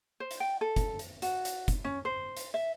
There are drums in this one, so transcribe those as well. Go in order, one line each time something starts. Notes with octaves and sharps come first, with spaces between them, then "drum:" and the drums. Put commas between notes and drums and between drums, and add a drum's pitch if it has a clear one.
C5
drum: hi-hat
G5
A4
drum: kick, hi-hat
drum: hi-hat
F#4, drum: hi-hat
drum: hi-hat
drum: kick, hi-hat
C#4
C5
drum: hi-hat
E5